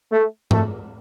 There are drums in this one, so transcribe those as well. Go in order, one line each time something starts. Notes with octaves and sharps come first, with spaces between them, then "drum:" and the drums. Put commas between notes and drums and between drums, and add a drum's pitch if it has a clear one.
A3
A3, drum: tom G#2